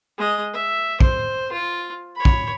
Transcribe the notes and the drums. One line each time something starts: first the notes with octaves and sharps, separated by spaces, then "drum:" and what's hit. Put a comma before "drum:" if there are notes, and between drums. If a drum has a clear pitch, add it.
G#3 D#5
E5
C5, drum: kick
F4
C#5 B5
drum: kick